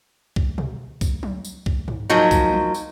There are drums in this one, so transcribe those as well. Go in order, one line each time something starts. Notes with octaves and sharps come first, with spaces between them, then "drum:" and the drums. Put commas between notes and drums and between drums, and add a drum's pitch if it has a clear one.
drum: kick C2
drum: tom B2
drum: kick C2, tambourine
drum: tom F#3
drum: tambourine
drum: kick C2
drum: tom G#2
F3 F#3 A#3 D#4
drum: kick C2, tambourine
drum: tom F#3
drum: tambourine